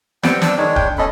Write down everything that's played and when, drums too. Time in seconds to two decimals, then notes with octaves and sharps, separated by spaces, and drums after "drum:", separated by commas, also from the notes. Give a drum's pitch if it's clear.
0.23 G3 B3 C4 G5, drum: snare
0.42 D4 E6, drum: snare
0.58 D#3 G#3 D4 C#5
0.76 G5, drum: kick D1
0.98 C#4 A4 D#5 B5